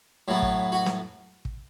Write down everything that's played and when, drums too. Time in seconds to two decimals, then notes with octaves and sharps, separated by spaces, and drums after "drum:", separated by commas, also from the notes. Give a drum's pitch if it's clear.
0.28 A2 F#3 B3
0.42 drum: kick
0.72 F#4
0.86 drum: snare
1.45 drum: kick